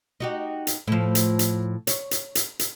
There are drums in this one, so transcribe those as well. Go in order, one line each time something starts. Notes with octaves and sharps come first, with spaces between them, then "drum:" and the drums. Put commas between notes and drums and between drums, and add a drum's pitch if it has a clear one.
D#4 F#4 G4
drum: hi-hat
A2 F3
drum: hi-hat
drum: hi-hat
C#5, drum: hi-hat
drum: hi-hat
drum: hi-hat
drum: hi-hat